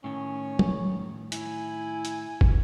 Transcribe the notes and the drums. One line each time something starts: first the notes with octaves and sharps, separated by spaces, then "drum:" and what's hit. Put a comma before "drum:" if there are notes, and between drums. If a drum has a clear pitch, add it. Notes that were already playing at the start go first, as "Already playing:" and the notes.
A2 D#3 C#4 C#5
drum: tom
E4 G#5, drum: hi-hat
drum: hi-hat
drum: kick